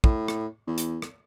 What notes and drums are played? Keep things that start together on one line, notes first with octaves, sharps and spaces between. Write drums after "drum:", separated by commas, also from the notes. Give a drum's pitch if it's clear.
A2, drum: kick
drum: rim click
E2
drum: hi-hat
drum: rim click